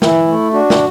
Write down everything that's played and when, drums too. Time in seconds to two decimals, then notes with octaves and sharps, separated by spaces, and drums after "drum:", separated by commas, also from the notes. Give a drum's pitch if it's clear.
0.02 E3 E4, drum: snare
0.28 A3
0.53 D4 F#4
0.70 drum: snare